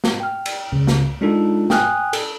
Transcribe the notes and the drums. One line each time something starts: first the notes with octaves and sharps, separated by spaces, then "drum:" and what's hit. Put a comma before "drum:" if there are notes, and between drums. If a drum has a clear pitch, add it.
drum: snare
G5 F6
drum: cymbal
C#2 C#3
drum: snare
G#3 D4 D#4 F4 A4
G5 G#5 D#6 F6 F#6, drum: snare
A4, drum: cymbal